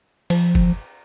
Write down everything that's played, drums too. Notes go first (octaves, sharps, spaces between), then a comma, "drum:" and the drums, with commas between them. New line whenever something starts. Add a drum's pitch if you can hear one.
F3, drum: cymbal
drum: kick